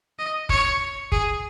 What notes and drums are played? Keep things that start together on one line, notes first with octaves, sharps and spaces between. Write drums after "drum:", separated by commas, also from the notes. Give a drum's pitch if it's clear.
D#5
C#5, drum: kick
G#4, drum: kick